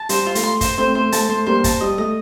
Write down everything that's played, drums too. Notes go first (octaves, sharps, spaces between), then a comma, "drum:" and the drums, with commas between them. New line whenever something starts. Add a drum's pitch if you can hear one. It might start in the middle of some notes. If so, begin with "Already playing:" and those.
Already playing: A5
G3 C5, drum: hi-hat
F4
A3, drum: hi-hat
C6
C5, drum: kick, hi-hat
A3 C4 C5
A3 C5
A3 A5, drum: hi-hat
A3 C5
G3 A#3 C5
A5, drum: kick, hi-hat
G3 D#5
A3 D#5